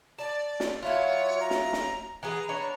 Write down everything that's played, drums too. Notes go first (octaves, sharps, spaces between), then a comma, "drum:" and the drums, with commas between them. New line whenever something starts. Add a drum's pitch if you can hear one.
D5 A5
drum: snare
F#3 E4 F4 C#5
A#5
drum: snare
drum: snare
E3 B3 G#4 A#5
B3 D4 C#5